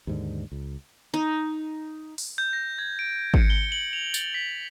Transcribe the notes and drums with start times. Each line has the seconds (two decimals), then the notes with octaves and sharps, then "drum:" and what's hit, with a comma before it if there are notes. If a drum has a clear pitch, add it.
0.07 D#2 G#2 D3
0.52 C#2
1.14 D#4
2.18 drum: open hi-hat
2.38 G6
2.53 A#6
2.79 G#6
2.99 D7
3.34 C#7, drum: kick G#1
3.50 G7
3.72 F#7
3.93 F7
4.14 A6, drum: tambourine
4.34 B6